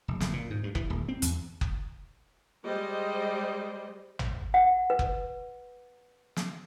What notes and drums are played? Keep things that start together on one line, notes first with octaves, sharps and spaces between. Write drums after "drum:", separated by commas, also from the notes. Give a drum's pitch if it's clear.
F1
F#1, drum: snare
A#2
G#2
G2
E3, drum: kick F#1
D#1
C4
E2, drum: hi-hat
drum: kick F#1
G3 G#3 C5 D#5
drum: tom
F#5
B4
drum: kick F#1
drum: snare